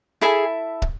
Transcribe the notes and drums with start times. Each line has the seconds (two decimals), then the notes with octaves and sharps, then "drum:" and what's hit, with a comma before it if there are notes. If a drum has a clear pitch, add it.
0.21 E4 G#4 A4 E5 B5
0.82 drum: kick